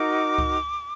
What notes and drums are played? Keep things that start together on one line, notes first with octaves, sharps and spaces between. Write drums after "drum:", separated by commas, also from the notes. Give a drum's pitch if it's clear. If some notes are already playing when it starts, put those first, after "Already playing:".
Already playing: D#4 F#4 A#4 D6
drum: kick C#2